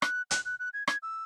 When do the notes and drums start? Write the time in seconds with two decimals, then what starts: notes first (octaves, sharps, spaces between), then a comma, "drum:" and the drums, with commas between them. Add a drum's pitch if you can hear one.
0.02 F#6, drum: rim click
0.31 F#6, drum: hi-hat
0.45 F#6
0.59 F#6
0.74 G#6
0.88 G#6, drum: rim click
1.03 E6